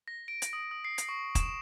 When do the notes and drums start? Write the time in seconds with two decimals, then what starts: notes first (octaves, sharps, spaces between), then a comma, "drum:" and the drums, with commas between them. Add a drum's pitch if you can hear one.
0.08 A#6
0.28 D7
0.42 drum: hi-hat
0.53 D#6
0.71 D#6
0.84 C7
0.98 drum: hi-hat
1.09 C#6
1.35 E7, drum: kick, hi-hat